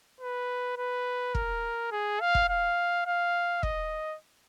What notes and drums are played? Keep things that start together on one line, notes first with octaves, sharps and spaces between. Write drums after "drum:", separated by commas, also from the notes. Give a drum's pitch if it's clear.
B4
B4
A#4, drum: kick
G#4
F5
drum: kick
F5
F5
D#5, drum: kick